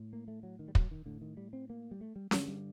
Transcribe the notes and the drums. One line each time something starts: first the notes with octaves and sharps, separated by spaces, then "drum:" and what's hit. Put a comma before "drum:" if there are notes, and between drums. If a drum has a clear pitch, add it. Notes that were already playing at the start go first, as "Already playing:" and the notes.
Already playing: A2
A#3
A3
F#3
D#3
G3
F#3, drum: kick
D#3
A2 D3
D#3
G3
C4
A#3
G3
A3
G3
G2 D3 F#3, drum: snare C#4
G3